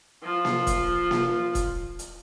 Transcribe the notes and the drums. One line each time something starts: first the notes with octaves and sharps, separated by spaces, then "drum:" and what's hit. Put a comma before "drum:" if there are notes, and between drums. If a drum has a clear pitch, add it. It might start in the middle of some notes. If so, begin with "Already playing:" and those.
F3 F4
drum: snare A#3
drum: kick E1, hi-hat
drum: snare A#3
drum: kick E1, hi-hat
drum: hi-hat